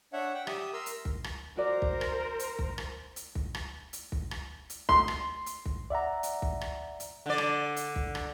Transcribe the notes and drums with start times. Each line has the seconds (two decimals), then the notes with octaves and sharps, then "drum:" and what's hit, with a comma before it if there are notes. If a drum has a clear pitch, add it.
0.13 D4 C#5 E5 F#5
0.34 F#5 G5
0.47 G4 E5 D#6, drum: rim click
0.73 A#4 A#5 C6 E6
0.86 drum: hi-hat
1.05 drum: kick
1.24 drum: rim click
1.57 F#4 A#4 C5 D5
1.82 drum: kick
2.01 drum: rim click
2.39 drum: hi-hat
2.59 drum: kick
2.78 drum: rim click
3.16 drum: hi-hat
3.35 drum: kick
3.55 drum: rim click
3.93 drum: hi-hat
4.12 drum: kick
4.31 drum: rim click
4.70 drum: hi-hat
4.89 C6, drum: kick
5.08 drum: rim click
5.46 drum: hi-hat
5.66 drum: kick
5.90 D5 E5 F#5 A#5
6.23 drum: hi-hat
6.42 drum: kick
6.61 drum: rim click
7.00 drum: hi-hat
7.26 D3 D5
7.38 drum: rim click
7.76 drum: hi-hat
7.96 drum: kick
8.15 drum: rim click